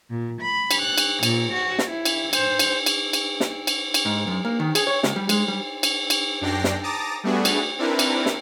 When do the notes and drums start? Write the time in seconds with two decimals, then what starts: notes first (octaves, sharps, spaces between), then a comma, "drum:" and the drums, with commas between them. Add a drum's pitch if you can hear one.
0.10 A#2
0.41 B5
0.71 drum: cymbal
0.82 F#6
0.98 drum: cymbal
1.23 A#2, drum: cymbal
1.53 F#4
1.79 drum: snare
1.91 E4
2.05 drum: cymbal
2.33 C5, drum: cymbal
2.59 drum: cymbal
2.86 drum: cymbal
3.13 drum: cymbal
3.40 drum: snare
3.67 drum: cymbal
3.94 drum: cymbal
4.05 G#2
4.27 F#2
4.45 A#3
4.60 D#3
4.75 G#4, drum: cymbal
4.87 C#5
5.03 C#2, drum: snare
5.16 G3
5.29 G#3, drum: cymbal
5.48 G3
5.83 drum: cymbal
6.10 drum: cymbal
6.41 F#2 D4 G5 A#6 C7
6.64 drum: snare
6.83 A5 A#5 D6 D#6 A6 A#6
7.24 G3 A3 B3 D4 F#4 G#4
7.45 drum: cymbal
7.79 C4 D4 E4 A#4 B4
7.99 drum: cymbal
8.26 drum: snare